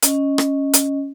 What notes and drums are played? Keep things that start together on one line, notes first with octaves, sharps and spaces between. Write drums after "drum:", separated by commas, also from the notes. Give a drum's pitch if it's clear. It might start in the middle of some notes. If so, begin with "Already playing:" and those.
C#4 D#5, drum: hi-hat
drum: rim click
drum: hi-hat